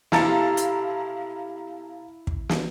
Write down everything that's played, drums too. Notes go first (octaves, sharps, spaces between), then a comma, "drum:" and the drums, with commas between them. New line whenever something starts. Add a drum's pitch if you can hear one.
B2 E4 G4 A4 F5 A5 A#5 A6, drum: snare
drum: hi-hat
drum: kick
drum: snare